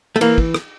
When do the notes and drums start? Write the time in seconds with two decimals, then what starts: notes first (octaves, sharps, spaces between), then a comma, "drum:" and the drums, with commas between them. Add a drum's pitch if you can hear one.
0.16 A3
0.21 E3 A#3, drum: cymbal
0.38 drum: kick
0.54 drum: rim click